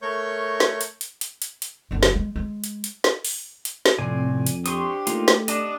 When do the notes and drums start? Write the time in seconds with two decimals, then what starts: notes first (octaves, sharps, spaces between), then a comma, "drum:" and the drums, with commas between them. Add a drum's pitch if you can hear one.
0.02 A3 A#4 C#5 C#6 G6
0.60 drum: snare
0.81 drum: hi-hat
1.01 drum: hi-hat
1.21 drum: hi-hat
1.42 drum: hi-hat
1.62 drum: hi-hat
1.91 F#1 D3
2.03 drum: snare
2.15 G#3
2.36 G#3
2.64 drum: hi-hat
2.84 drum: hi-hat
3.04 drum: snare
3.25 drum: open hi-hat
3.65 drum: hi-hat
3.86 drum: snare
3.99 F2 A2 C3 C4 D5 G#5
4.31 F2
4.46 drum: hi-hat
4.66 D4 G4 C5 C6 C#6 D#6, drum: hi-hat
5.07 A3 A#3 D#4 F4, drum: hi-hat
5.28 drum: snare
5.48 D4 D#5 A5 D#6, drum: hi-hat